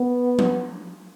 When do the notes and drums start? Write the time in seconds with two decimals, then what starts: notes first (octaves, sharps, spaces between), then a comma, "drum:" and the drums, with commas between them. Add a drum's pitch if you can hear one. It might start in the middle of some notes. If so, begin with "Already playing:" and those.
Already playing: B3
0.39 drum: tom F3